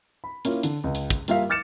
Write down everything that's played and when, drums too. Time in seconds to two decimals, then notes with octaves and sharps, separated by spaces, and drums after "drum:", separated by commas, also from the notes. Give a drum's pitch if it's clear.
0.24 B5
0.45 A#3 C#4 E4 F4, drum: hi-hat
0.63 D3, drum: hi-hat
0.84 C#2
0.95 drum: hi-hat
1.10 drum: kick, hi-hat
1.28 G3 A#3 F4 A#4 E5 F5, drum: hi-hat
1.49 D6 F6 A6 C#7 E7